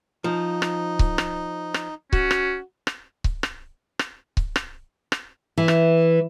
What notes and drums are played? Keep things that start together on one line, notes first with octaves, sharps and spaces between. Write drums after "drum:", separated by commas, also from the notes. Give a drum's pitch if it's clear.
F3 D#4
drum: rim click
drum: kick C#1
drum: rim click
drum: rim click
C#4 F#4, drum: kick C#1
drum: rim click
drum: rim click
drum: kick C#1
drum: rim click
drum: rim click
drum: kick C#1
drum: rim click
drum: rim click
E3
drum: rim click